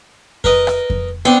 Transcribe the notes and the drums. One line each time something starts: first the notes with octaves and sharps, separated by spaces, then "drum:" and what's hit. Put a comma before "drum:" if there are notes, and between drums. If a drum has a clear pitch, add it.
A#4 B4 D#5, drum: kick F2
drum: rim click
drum: kick F2
B3 C4 D4